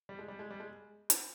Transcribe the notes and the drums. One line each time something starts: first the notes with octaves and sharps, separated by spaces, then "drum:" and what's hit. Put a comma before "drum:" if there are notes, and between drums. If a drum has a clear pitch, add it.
G3
G#3
G3
G#3
G3
G#3
drum: hi-hat